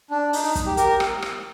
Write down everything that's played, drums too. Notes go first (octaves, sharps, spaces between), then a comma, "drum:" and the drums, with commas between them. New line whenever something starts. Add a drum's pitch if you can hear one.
D4
D#4, drum: open hi-hat
D#4
drum: kick, hi-hat
G4
G4 A#4, drum: hi-hat
drum: rim click
drum: rim click